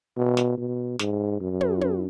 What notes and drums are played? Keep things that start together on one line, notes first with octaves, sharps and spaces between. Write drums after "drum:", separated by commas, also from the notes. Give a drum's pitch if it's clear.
B2
drum: snare
B2
G#2, drum: snare
F#2
drum: tom
drum: tom